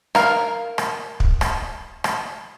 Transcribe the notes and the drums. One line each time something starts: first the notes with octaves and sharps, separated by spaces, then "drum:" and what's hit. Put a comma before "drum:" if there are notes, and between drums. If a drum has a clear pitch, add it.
A#4 F5, drum: rim click
drum: rim click
drum: kick
drum: rim click
drum: rim click